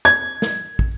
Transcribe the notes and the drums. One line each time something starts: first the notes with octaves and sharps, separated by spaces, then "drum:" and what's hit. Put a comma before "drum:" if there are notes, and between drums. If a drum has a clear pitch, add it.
G#6
drum: snare
drum: kick